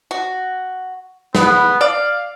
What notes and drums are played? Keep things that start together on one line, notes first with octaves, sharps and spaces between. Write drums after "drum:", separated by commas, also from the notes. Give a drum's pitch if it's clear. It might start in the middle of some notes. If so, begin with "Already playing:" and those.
F#4
B3 B4, drum: snare
D5 F5